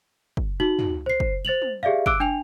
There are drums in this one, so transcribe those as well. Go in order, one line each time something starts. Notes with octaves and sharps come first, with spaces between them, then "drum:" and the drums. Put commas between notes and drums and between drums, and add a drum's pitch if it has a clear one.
drum: kick
D#4 F#4 F#7
drum: tom
C5 C7
drum: kick
C5 A6 F7 F#7
drum: tom
G4 G#4 D5 E5 F5
D6 E6 F#6 D7, drum: kick
D4 G5 G#5 F7